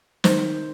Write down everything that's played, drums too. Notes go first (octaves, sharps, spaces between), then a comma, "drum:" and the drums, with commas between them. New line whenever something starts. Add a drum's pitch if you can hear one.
D#3 C5, drum: snare